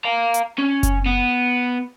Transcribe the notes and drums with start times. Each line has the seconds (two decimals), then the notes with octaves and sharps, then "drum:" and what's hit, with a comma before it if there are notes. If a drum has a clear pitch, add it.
0.05 F5 A#5
0.34 drum: hi-hat
0.58 C#4
0.83 drum: kick F#1, hi-hat
1.06 B3